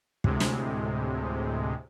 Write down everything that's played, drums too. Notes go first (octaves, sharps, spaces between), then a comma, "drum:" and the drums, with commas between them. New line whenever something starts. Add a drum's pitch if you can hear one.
D2 A2 C3 G#3, drum: kick
drum: snare